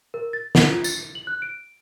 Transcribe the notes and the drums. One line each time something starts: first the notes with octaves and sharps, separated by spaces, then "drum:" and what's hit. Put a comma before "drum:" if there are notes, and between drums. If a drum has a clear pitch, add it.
A#4
A6
F#5, drum: snare
F4
A6, drum: tambourine
F#7
F#6
D7